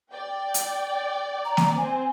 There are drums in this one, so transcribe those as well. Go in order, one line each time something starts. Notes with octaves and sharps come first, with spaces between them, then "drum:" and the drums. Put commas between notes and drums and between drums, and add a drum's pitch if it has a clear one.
D5 G5
drum: hi-hat
A#5
drum: snare A#3
C4 G#5